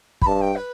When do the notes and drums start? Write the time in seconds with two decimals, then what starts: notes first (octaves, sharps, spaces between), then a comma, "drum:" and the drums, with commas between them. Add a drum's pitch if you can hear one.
0.22 B5, drum: kick
0.26 G2 A5
0.41 G5
0.56 B4